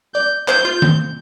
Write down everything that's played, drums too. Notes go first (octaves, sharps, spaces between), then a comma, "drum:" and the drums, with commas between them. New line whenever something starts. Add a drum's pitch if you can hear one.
D5 G6
C5 G6, drum: clap
F4
C4, drum: tom D#3